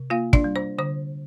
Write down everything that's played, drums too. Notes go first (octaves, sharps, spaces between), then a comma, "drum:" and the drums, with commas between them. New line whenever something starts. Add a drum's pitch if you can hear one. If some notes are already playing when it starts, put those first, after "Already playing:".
Already playing: C3
A#3 F4 F5
D4 D5, drum: kick
G3
C5
D3 C5